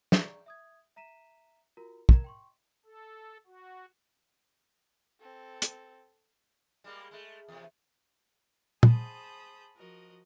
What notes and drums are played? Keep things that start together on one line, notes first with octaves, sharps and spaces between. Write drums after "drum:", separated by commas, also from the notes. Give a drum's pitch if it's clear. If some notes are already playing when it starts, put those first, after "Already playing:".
G#4 D5 A#5 C#6, drum: snare
E5 D#6 G#6
E5 A#5 B6 D#7 E7
F4 F#4 A#4 A#5
A#4 A#5 G#6 E7, drum: kick
G5 C6 C#6
A4
F#4
C4 A4
drum: hi-hat
G3 G#3 A#3
G#3 A3
E2 C3
G#4 C5 A5 B5 D#6 G6, drum: tom A#2
F3 F#4 A#4 D#5